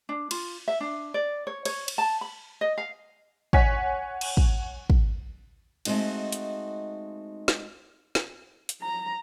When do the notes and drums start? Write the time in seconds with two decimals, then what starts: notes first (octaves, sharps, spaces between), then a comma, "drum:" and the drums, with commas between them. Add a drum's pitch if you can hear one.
0.09 D4
0.31 F4, drum: cymbal
0.68 E5
0.81 D4
1.14 D5
1.47 C#5
1.65 C#5, drum: cymbal
1.88 drum: cymbal
1.98 A5
2.21 B5
2.61 D#5
2.78 F5
3.53 C#5 F#5 G#5 B6, drum: kick
4.21 drum: cymbal
4.37 drum: kick
4.90 drum: kick
5.85 G#3 A3 C4 D#4 F#4, drum: cymbal
6.32 drum: hi-hat
7.48 drum: snare
8.15 drum: snare
8.69 drum: hi-hat
8.82 A#5